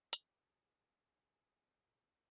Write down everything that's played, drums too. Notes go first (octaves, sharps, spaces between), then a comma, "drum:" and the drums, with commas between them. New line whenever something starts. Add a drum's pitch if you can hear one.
G#4, drum: hi-hat
G4
G#4